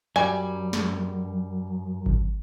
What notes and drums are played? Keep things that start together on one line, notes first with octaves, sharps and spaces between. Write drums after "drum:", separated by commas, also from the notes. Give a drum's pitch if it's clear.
F#2 G3 G#5
drum: snare
drum: kick G#1